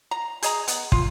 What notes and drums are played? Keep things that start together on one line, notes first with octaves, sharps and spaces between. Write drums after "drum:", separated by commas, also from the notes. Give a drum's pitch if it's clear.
A#5
G#4 D#5 A#5, drum: hi-hat
B3, drum: hi-hat
F4, drum: kick